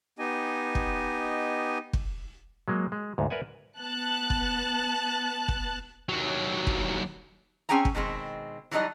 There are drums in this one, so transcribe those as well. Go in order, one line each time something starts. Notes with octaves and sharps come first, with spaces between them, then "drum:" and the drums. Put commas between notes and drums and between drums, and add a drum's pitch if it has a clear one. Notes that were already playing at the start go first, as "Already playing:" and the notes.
B3 D#4 G4 D#5 G#5
drum: kick
drum: kick
F#3 G#3 A#3
G#3
D2 G#2
A#4 B4 D5 E5 F#5 G#5
B3 A5 F#6
drum: kick
drum: kick
D#2 F#3
drum: kick
C4 C#4 G#4 G5 G#5 A#5
drum: kick
B2 D#3 G#3 C4
E3 F#3 G3 D#4 D#5